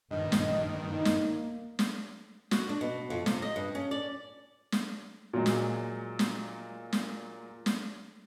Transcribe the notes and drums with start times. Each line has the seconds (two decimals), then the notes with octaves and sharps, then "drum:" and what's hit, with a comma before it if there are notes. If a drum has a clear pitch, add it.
0.11 A#1 G2 D#3 D#5
0.32 drum: snare
0.87 A#3 D#4
1.05 drum: snare
1.79 drum: snare
2.51 F#4, drum: snare
2.69 D4
2.81 B2
3.10 F2
3.26 C3, drum: snare
3.42 D#5
3.56 G2
3.75 C#4
3.91 D5
4.72 drum: snare
5.33 A#2 F#3 G#3
5.46 drum: snare
6.19 drum: snare
6.93 drum: snare
7.66 drum: snare